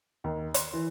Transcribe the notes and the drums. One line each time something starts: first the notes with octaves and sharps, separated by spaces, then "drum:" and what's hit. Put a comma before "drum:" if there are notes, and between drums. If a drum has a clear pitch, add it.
D#2
C6, drum: hi-hat
E3